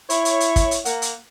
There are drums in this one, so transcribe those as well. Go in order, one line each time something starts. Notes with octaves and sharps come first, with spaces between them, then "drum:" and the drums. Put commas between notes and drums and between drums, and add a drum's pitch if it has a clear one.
E4 C#5, drum: hi-hat
drum: hi-hat
drum: hi-hat
drum: kick, hi-hat
drum: hi-hat
A#3 F#5, drum: hi-hat
drum: hi-hat